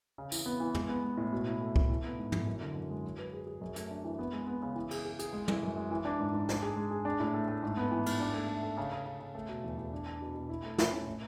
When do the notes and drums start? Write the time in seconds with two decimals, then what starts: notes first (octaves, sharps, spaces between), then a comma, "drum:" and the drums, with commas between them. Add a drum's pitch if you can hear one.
0.18 C#3
0.32 E3, drum: tambourine
0.46 B3
0.60 E3
0.74 G#3, drum: tom
0.89 B3
1.04 G#3
1.17 A2
1.33 B2
1.46 E4
1.61 A3
1.76 A3, drum: kick
1.89 E3
2.04 B3
2.18 G#2
2.32 E3, drum: tom
2.47 F#2
2.61 D3
2.75 F#2
2.90 G#3
3.04 F#3
3.19 B4
3.33 G#4
3.47 G#4
3.61 F#2
3.76 A3, drum: hi-hat
3.90 D4
4.04 E3
4.19 B3
4.33 G#3
4.47 B3
4.62 C#3
4.76 E3
4.91 G#4, drum: cymbal
5.05 G#4
5.19 G#4, drum: hi-hat
5.33 G#3
5.48 E3, drum: tom
5.63 F#2
5.76 G#3
5.91 E3
6.05 D4
6.20 G#2
6.34 G#2
6.49 D4, drum: snare
6.62 G#4
6.76 G#3
6.91 G#4
7.05 D4
7.20 A2
7.34 A3
7.48 A3
7.62 G#2
7.77 B3
7.91 E3
8.06 G#2, drum: cymbal
8.20 D4
8.34 A3
8.48 A3
8.63 A4
8.78 C#3
8.92 C#3
9.06 C#3
9.20 C#3
9.35 A3
9.49 B2
9.64 E2
9.77 E2
9.92 D4
10.06 D4
10.21 B2
10.35 B2
10.49 E4
10.63 A3
10.78 E4, drum: snare
10.92 C#4
11.07 A2